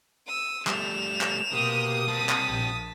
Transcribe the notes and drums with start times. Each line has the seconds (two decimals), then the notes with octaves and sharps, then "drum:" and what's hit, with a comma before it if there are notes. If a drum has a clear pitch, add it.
0.27 D#6 E6
0.67 G3 A3 E7 F7, drum: clap
1.21 drum: clap
1.53 B2 A#3 G4 C5 D#6
2.07 G3 C4 A5 B6
2.29 drum: clap
2.48 A#1 A#2